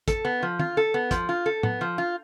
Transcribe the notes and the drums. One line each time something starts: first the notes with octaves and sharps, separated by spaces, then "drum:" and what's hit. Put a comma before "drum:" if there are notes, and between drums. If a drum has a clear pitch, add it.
A4, drum: kick, hi-hat
B3
F3
F4, drum: tom
A4
B3
F3, drum: kick, hi-hat
F4
A4
B3, drum: tom
F3
F4